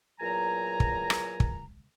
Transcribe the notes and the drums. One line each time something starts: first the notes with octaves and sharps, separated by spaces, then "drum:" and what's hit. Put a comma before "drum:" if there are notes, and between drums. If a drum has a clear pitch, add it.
E2 A#2 F#3 G#5 A#5
drum: kick
drum: rim click
drum: kick